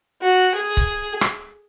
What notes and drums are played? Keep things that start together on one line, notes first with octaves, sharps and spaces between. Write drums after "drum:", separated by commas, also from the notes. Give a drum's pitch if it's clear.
F#4
G#4
drum: kick C#1
drum: rim click